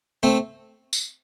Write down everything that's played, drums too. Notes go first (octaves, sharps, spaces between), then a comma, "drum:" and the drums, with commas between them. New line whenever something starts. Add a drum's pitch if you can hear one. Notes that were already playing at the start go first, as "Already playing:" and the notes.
A3 C4
drum: tambourine